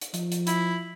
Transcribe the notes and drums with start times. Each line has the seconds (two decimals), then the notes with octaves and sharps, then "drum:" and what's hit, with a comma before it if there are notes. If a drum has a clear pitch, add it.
0.01 drum: hi-hat
0.14 F3, drum: hi-hat
0.32 drum: hi-hat
0.47 E4, drum: hi-hat